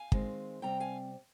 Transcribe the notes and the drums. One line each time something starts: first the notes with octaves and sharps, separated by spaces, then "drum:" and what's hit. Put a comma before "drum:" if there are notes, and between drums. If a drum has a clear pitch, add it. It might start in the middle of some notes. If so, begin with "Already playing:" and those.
Already playing: F5 G#5
D#3 G#3 C4, drum: kick
C3 G3 C4 G5 A#5
F5 G#5